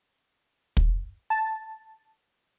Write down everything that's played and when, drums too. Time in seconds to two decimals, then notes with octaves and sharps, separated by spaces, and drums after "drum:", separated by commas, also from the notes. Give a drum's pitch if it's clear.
0.77 drum: kick
1.30 A5